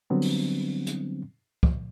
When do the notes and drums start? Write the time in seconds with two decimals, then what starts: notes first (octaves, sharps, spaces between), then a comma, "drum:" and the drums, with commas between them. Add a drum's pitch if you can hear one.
0.10 D3 F#3 G3 B3 C4 D4
0.22 drum: open hi-hat
0.87 drum: hi-hat
1.63 drum: kick